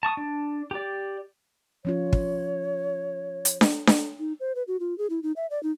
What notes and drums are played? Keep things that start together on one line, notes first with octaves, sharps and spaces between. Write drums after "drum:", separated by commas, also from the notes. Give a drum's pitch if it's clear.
A5 C#6 D#6
D4
G4 D5
F3 C#4 F4 C#5
drum: kick
drum: hi-hat
drum: snare D4
drum: snare D4
D#4
C5
B4
F#4
F4
G#4
E4
D#4
E5
D5
D#4